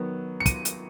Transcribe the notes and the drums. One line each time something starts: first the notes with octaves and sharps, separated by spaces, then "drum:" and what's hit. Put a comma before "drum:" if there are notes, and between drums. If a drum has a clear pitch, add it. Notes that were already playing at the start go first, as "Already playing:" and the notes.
Already playing: D#3 F#3 B3
C#7
D#7, drum: kick, hi-hat
drum: hi-hat